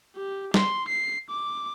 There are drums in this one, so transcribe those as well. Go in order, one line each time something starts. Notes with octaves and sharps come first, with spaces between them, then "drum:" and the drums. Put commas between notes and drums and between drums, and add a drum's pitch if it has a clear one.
G4
C6, drum: snare
C7
D6